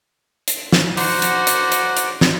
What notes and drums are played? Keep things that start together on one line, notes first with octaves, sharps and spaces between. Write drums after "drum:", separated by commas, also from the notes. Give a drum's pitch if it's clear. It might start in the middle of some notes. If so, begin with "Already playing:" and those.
drum: hi-hat
drum: snare
F#4 C5 D5 F#5 A#5, drum: open hi-hat
drum: hi-hat
drum: hi-hat
drum: hi-hat
drum: hi-hat
drum: snare